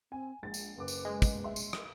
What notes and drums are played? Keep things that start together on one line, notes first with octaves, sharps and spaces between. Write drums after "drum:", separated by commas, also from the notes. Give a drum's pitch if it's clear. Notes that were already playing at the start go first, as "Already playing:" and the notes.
C4 G#5
A#1 G#3 A6
drum: tambourine
F#1 B4 D6
drum: tambourine
G#3
drum: kick, tambourine
E5 C6
drum: tambourine
drum: rim click